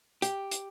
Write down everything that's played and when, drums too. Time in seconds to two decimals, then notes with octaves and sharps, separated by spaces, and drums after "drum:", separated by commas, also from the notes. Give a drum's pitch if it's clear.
0.22 G4, drum: hi-hat
0.51 drum: hi-hat